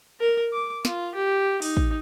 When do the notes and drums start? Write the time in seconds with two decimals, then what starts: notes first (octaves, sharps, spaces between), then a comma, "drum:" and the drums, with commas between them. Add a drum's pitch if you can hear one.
0.20 A#4
0.53 D6
0.85 F4, drum: snare
1.15 G4
1.62 D#4, drum: open hi-hat
1.77 drum: kick